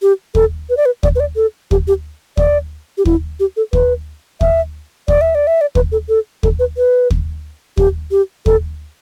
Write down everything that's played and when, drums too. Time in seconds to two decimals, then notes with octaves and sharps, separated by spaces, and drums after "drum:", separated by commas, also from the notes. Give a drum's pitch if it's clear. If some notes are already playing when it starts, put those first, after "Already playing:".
0.02 G4
0.35 A4, drum: kick
0.70 B4
0.77 D5
0.86 B4
1.03 D5, drum: kick
1.16 B4
1.20 D5
1.36 A4
1.71 G4, drum: kick
1.88 G4
2.37 D5, drum: kick
2.98 G4
3.05 E4, drum: kick
3.40 G4
3.57 A4
3.73 B4, drum: kick
4.41 E5, drum: kick
5.08 D5, drum: kick
5.21 E5
5.35 D5
5.47 E5
5.61 D5
5.75 B4, drum: kick
5.92 A4
6.09 A4
6.43 A4, drum: kick
6.59 B4
6.77 B4
7.10 drum: kick
7.77 G4, drum: kick
8.11 G4
8.46 A4, drum: kick